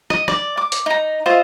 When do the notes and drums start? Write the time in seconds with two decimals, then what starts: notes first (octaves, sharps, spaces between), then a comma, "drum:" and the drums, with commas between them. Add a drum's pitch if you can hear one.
0.10 D#5, drum: rim click
0.28 D5, drum: rim click
0.57 D6
0.72 drum: hi-hat
0.86 D#4 A#5
1.26 F4 C5 D#5 E5